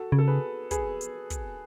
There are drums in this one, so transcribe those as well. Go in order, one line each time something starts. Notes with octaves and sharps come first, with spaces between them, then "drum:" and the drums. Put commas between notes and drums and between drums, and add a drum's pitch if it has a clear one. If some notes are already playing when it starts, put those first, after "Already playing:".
Already playing: F#4 A4
C#3
A4
G#4 B4
G#4 B4, drum: kick, hi-hat
drum: hi-hat
drum: kick, hi-hat